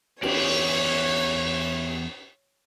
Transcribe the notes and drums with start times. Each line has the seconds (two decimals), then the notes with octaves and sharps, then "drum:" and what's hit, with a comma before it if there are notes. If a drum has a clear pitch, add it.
0.23 E2 C#5 D5, drum: cymbal